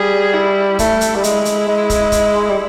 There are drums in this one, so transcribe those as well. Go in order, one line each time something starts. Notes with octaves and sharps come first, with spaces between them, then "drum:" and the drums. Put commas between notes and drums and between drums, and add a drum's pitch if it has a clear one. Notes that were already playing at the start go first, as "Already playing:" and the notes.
Already playing: G3 G#4
E4
A3 E4, drum: kick, hi-hat
drum: hi-hat
G3
G#3, drum: hi-hat
drum: hi-hat
G#3
drum: kick, hi-hat
drum: kick, hi-hat
G3